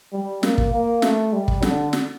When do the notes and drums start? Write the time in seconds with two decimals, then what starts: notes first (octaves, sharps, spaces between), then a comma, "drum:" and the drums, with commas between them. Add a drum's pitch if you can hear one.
0.13 G3
0.43 A#3, drum: snare
0.58 drum: kick
0.72 A#3
1.02 A3, drum: snare
1.33 G3
1.48 drum: kick
1.62 D3, drum: snare
1.93 drum: snare